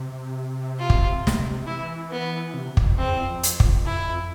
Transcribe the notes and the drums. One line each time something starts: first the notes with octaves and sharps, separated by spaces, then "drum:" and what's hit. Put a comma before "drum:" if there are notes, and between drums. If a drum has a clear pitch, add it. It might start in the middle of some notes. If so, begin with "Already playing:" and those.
Already playing: C3
F4
drum: kick
drum: snare
E3 E4
B3
C3
G2, drum: kick
F2
E2 C4
F2
drum: hi-hat
drum: kick
E4